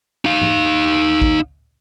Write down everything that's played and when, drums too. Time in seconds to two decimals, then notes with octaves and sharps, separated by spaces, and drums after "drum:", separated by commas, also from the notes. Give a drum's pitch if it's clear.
0.25 D#4 F5
0.42 drum: tom G#2
1.22 drum: kick